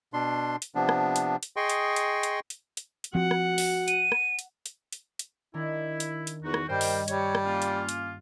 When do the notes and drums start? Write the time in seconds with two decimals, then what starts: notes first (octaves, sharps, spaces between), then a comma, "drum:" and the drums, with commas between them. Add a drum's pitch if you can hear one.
0.13 B2 D4 C6
0.62 drum: hi-hat
0.75 C3 F3 B3 D4
0.89 drum: rim click
1.16 drum: hi-hat
1.43 drum: hi-hat
1.56 G#4 D#5 G5 C6 C#6
1.70 drum: hi-hat
1.96 drum: hi-hat
2.23 drum: hi-hat
2.50 drum: hi-hat
2.77 drum: hi-hat
3.04 drum: hi-hat
3.15 F3 C4 F#4 F#5
3.31 drum: rim click
3.58 drum: open hi-hat
3.88 D#7, drum: hi-hat
4.12 drum: rim click
4.39 drum: hi-hat
4.66 drum: hi-hat
4.93 drum: hi-hat
5.19 drum: hi-hat
5.54 D#3 D4 E4 A#4
6.00 drum: hi-hat
6.27 drum: hi-hat
6.42 E2 D#4 F#4
6.54 drum: rim click
6.68 G2 G3 A#4 C5 D#5 G5
6.81 drum: open hi-hat
7.08 G3 C#5, drum: hi-hat
7.35 drum: rim click
7.45 A#3 C#4 F4
7.62 drum: hi-hat
7.89 drum: hi-hat